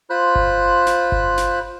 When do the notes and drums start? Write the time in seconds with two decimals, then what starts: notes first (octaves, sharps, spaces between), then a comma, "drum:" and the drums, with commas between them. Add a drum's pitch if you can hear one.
0.10 F4 C5 B5 F#6
0.35 drum: kick G1
0.86 drum: snare
1.12 drum: kick G1
1.38 drum: snare